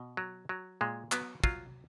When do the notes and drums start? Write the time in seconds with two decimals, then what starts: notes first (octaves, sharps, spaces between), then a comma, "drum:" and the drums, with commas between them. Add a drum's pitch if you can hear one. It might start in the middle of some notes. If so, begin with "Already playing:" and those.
Already playing: B2
0.17 F#3
0.49 F#3
0.81 A#2 G#3
1.12 F#3 B3, drum: clap
1.44 F#3 F4, drum: kick